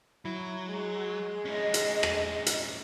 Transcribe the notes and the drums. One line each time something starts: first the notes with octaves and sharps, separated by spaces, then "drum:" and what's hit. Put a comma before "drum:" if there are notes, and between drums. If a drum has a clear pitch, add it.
F#3 E4
G#3
C#4 E4 D#5
drum: hi-hat
drum: rim click
drum: hi-hat